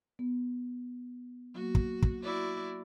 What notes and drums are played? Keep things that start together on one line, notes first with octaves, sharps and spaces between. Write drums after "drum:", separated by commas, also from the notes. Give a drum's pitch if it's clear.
B3
F#3 A#3 F#4
drum: kick
drum: kick
E4 F#4 D5